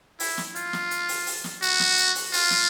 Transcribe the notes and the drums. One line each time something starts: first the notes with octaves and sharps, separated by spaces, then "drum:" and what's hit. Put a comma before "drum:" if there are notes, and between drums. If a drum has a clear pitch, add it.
E4, drum: open hi-hat
drum: snare
F4, drum: hi-hat
drum: snare
drum: hi-hat
drum: open hi-hat
drum: open hi-hat
drum: snare
F#4, drum: hi-hat
drum: snare
drum: hi-hat
drum: open hi-hat
F4, drum: open hi-hat
drum: snare